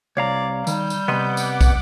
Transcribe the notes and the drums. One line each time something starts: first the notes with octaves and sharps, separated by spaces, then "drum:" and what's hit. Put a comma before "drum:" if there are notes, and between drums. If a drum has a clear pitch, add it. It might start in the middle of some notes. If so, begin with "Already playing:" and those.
C2 C#5 D5 F5 A#5
D#3 G3 G6, drum: tambourine
drum: tambourine
C3 B3 D#5 F#5 C6 D6
drum: tambourine
drum: kick, tambourine